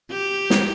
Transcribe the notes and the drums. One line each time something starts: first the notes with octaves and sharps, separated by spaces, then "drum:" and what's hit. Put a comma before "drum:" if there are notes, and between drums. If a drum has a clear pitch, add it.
G4
drum: snare